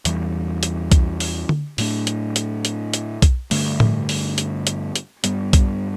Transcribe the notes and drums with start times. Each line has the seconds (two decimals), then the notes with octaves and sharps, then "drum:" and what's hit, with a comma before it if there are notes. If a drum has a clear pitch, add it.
0.05 E2 E3 G3, drum: hi-hat
0.63 drum: hi-hat
0.92 drum: kick B1, hi-hat
1.20 drum: open hi-hat
1.49 drum: tom D3
1.78 A2 A3 D4, drum: open hi-hat
2.07 drum: hi-hat
2.36 drum: hi-hat
2.65 drum: hi-hat
2.94 drum: hi-hat
3.22 drum: kick B1, hi-hat
3.51 G2 D3 A3, drum: open hi-hat
3.80 drum: tom A2
4.09 drum: open hi-hat
4.38 drum: hi-hat
4.67 drum: hi-hat
4.96 drum: hi-hat
5.24 G2 G3 B3, drum: hi-hat
5.53 drum: kick B1, hi-hat